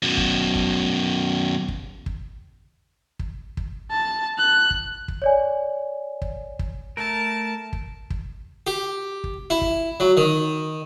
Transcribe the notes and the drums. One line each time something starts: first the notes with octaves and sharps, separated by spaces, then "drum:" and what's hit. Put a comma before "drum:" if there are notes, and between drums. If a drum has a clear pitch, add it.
F#2 B2
drum: kick
drum: kick
drum: kick
drum: kick
drum: kick
drum: kick
A5
F#6
drum: kick
drum: kick
C#5 D5 G#5
drum: kick
drum: kick
A3 A#4 A5
drum: kick
drum: kick
G4
drum: kick
E4
drum: kick
F#3
D#3